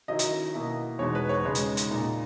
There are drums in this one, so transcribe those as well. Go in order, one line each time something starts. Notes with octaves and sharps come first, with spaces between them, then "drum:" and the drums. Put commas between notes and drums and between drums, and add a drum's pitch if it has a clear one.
D#3 F#3 C#4 E4 D#5
drum: hi-hat
B2 A#3 E4
E2 B2 G#3 D#4 C#5
B4
C#5
C#3 G#3 D#4
drum: hi-hat
drum: hi-hat
A#2 A#3 D#4